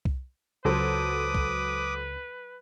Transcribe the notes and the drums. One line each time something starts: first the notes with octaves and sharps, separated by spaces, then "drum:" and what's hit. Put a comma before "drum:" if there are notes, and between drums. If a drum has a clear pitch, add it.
drum: kick C2
C#2 F#3 A4 B4 C5 D6 D#6
drum: kick C2